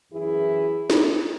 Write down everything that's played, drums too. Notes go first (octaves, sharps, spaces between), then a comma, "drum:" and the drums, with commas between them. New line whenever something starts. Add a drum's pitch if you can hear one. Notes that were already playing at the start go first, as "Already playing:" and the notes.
F#2 E3 E4 G#4
drum: snare